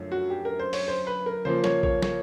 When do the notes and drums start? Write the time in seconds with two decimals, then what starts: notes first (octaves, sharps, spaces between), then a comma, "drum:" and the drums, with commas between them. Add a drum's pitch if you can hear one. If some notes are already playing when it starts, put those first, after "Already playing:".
Already playing: F#2 D3 F3 A3
0.12 F#4
0.30 G4
0.45 A#4
0.59 C5
0.73 C#5, drum: open hi-hat
0.88 C5
1.07 B4
1.26 A#4
1.45 C#3 F3 A#3 C5
1.64 C#5, drum: snare
1.83 C#5, drum: kick A#1
2.02 C#5, drum: snare